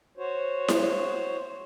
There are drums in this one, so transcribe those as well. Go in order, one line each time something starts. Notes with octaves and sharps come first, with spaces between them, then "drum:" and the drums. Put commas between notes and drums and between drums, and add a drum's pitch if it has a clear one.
F#4 C5 C#5
drum: snare E4